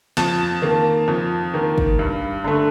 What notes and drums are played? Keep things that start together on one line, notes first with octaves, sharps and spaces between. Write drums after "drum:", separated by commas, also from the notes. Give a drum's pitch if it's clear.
F2 A5, drum: snare
D#3 A#3
F2
D#3 A#3
drum: kick
G2
D3 A3